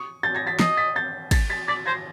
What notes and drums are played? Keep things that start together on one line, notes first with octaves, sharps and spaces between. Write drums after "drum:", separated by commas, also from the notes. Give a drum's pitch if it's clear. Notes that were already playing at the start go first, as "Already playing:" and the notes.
Already playing: C#6 D#6
G6 A6
G#6 A#6
A6 B6
D#5 A#6 C7, drum: snare
A6 B6
G6 A6
A6 B6, drum: kick, cymbal
A6 B6
D5 A6 B6
C5 G#6 A#6